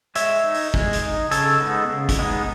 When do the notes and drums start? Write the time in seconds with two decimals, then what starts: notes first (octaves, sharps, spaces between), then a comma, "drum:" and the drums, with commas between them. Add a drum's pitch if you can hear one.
0.15 G#3 C#5 E5, drum: hi-hat
0.44 D#4
0.54 drum: open hi-hat
0.74 G#3, drum: kick
0.93 drum: hi-hat
1.03 D#4
1.31 C#3 A4 C#5, drum: hi-hat
1.61 G#3 B3 D#4
1.89 C#3
2.09 drum: kick, hi-hat
2.19 G#3 B3 D#4